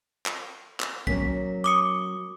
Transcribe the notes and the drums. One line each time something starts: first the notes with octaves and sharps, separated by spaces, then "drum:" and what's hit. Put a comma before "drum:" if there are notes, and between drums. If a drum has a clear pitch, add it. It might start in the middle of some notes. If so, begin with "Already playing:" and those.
drum: clap
drum: clap
F#3 A#3 C#4 B6, drum: kick
D6 D#6 C#7